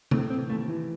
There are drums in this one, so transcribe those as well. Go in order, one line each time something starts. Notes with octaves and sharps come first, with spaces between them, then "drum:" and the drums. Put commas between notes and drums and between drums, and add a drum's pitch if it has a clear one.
A2 C4, drum: tom C3
E3 C4
D#2 A3
E3